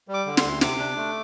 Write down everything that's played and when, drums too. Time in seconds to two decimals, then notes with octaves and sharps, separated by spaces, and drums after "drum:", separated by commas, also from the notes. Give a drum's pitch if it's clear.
0.08 G3
0.14 D6
0.26 D3
0.37 C6, drum: snare
0.44 D2
0.61 C3 D6, drum: snare
0.79 D4
0.97 A3